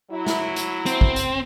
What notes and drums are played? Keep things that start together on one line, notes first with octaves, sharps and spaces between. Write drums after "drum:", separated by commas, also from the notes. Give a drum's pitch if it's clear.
F#3 E4
drum: snare
drum: hi-hat
C4, drum: hi-hat
drum: kick
drum: hi-hat